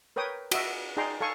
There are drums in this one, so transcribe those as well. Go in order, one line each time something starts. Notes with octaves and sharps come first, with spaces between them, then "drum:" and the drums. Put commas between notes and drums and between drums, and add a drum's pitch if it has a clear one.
A#4 B4 C#5 G5 D#6
F#4 D#5 E5, drum: cymbal
D#4 G#4 D5 G5 A#5 C6
A4 F5 G#5 C#6